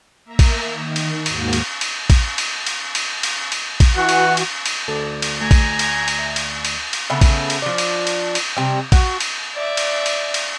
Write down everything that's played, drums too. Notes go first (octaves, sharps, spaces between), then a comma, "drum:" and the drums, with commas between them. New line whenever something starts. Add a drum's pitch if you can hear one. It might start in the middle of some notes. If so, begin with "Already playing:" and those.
A#3 E5 A#5
drum: kick A1, cymbal
D#3
drum: cymbal
D#2 G#2 A#3 F#4, drum: cymbal
drum: cymbal
drum: cymbal
drum: kick A1, cymbal
drum: cymbal
drum: cymbal
drum: cymbal
drum: cymbal
drum: cymbal
drum: kick A1, cymbal
E3 F#4 F#5
drum: cymbal
drum: cymbal
drum: cymbal
D2 A4 D5
drum: cymbal
A3 G#5 A#5
drum: kick A1, cymbal
drum: cymbal
drum: cymbal
E5
drum: cymbal
drum: cymbal
drum: cymbal
C#3 A3 B3
drum: kick A1, cymbal
drum: cymbal
F3 D4
drum: cymbal
drum: cymbal
drum: cymbal
C3 G3
F#4, drum: kick A1, cymbal
drum: cymbal
D5 E5
drum: cymbal
drum: cymbal
drum: cymbal